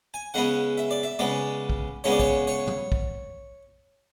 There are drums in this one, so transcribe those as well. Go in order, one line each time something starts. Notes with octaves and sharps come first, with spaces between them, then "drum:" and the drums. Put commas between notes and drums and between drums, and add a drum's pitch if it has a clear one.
G#5
C#3 G#3 B3 F#5
E5
D5
E5
C#3 G#3 B3 D5
drum: kick
C#3 G#3 B3 C#5
D5
C#5, drum: kick
C#5
drum: tom
drum: kick